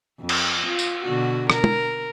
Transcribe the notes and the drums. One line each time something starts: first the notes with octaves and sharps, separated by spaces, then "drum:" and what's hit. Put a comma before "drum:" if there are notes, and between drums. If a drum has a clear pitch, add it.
F2
drum: cymbal
F4
drum: tambourine
B2 D3 F#4
A#4, drum: rim click
drum: tom